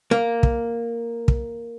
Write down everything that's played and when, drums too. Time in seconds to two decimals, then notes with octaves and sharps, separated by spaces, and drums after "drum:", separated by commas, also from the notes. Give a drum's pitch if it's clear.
0.11 A#3
0.43 drum: kick
1.28 drum: kick